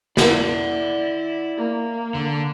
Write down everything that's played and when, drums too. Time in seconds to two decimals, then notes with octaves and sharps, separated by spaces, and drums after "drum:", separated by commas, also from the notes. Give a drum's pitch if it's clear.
0.17 E4 D5 F#5, drum: snare
1.58 A#3
2.14 D3